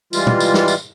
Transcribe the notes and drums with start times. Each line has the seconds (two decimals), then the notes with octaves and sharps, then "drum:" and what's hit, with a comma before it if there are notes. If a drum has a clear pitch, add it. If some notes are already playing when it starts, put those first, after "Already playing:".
0.13 E3 G3 G#3 F4, drum: tambourine
0.27 drum: tom
0.40 drum: tambourine
0.54 drum: snare
0.68 drum: tambourine